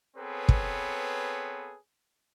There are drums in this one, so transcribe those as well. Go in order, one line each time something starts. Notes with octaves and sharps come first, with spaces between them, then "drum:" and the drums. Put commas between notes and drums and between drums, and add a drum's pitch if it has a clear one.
B3 C4 G#4 A4 B4 C#5
drum: kick